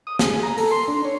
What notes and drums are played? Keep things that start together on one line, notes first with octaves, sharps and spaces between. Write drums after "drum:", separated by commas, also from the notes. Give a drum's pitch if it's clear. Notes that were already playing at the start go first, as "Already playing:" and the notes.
D#6
G#4, drum: snare
A#5
A4, drum: open hi-hat
C6
D4
C#5